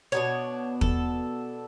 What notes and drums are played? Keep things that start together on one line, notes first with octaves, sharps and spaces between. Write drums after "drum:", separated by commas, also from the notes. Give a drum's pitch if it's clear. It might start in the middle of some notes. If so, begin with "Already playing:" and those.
B2 G3 B3 D4 C#5
A4, drum: kick